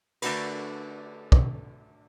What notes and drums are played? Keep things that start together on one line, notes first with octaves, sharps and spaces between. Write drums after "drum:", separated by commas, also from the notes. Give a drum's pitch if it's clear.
D3 A3 D4 F#4 A#4 B4, drum: cymbal
drum: kick